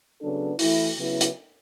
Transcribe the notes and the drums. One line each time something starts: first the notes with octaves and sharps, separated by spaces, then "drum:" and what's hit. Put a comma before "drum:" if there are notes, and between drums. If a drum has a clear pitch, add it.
C#3 F#3 B3 D4 A4
E3 A3 E4, drum: open hi-hat
C#3 F#3 B3 E4
drum: hi-hat